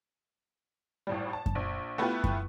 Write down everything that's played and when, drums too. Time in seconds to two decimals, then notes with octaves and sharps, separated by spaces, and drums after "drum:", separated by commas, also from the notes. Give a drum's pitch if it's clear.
1.07 G#1 A2 G3
1.33 A5
1.46 drum: kick F#2
1.55 A#1
1.98 A3 B3 E4 F4 G4 B4
2.24 drum: kick F#2